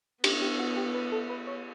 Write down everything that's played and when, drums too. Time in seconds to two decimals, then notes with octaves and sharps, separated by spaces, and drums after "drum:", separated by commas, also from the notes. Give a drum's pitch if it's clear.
0.24 B3 G4, drum: cymbal
0.42 G4
0.59 F#4
0.77 G4
0.94 B4
1.12 A4
1.30 B4
1.47 C#5